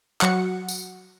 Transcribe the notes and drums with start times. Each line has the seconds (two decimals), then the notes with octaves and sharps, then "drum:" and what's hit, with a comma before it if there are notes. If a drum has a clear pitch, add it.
0.21 F#3 F#4 F#5 C#7, drum: clap
0.68 drum: tambourine